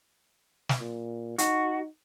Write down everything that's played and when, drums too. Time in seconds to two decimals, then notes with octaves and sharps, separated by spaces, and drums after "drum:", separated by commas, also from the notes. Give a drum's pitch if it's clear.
0.69 drum: snare
0.80 A#2
1.38 D#4 F#4, drum: hi-hat